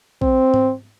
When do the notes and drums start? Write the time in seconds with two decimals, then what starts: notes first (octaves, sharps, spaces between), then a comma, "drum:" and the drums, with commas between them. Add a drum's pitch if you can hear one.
0.22 C4, drum: kick A#1
0.54 drum: tom G#2